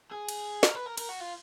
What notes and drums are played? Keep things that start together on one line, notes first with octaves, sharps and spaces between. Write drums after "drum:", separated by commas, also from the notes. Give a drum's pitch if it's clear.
G#4
drum: cymbal
A#4, drum: snare
B4
A#4
A#4, drum: cymbal
F#4
F4